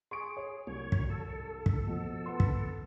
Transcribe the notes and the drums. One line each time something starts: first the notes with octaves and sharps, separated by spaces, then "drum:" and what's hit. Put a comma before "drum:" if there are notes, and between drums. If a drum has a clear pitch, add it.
G#4 C6 C#6 D7
C#5
C2 F#3 C#5
drum: kick
A4
drum: kick
B2 F3
B3 C6
drum: kick